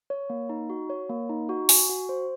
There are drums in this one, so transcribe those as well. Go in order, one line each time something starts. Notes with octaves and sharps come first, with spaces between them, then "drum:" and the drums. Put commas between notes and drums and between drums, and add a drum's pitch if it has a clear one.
C#5
A#3
D#4
F#4
C#5
A#3
D#4
F#4
G#5, drum: open hi-hat
F#4
C5